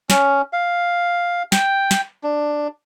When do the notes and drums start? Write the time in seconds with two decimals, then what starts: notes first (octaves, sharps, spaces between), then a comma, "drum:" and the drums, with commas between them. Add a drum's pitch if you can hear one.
0.10 C#4, drum: snare
0.53 F5
1.52 G5, drum: snare
1.91 drum: snare
2.24 D4